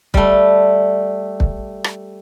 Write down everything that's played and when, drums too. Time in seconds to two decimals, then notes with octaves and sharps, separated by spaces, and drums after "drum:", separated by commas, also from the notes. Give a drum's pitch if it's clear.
0.14 G3 A3, drum: kick
1.40 drum: kick
1.84 drum: rim click